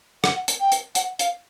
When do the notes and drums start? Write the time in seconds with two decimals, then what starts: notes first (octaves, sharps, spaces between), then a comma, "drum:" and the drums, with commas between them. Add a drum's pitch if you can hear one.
0.24 F#5, drum: rim click
0.48 drum: hi-hat
0.60 G5
0.72 drum: hi-hat
0.95 F#5, drum: hi-hat
1.19 F5, drum: hi-hat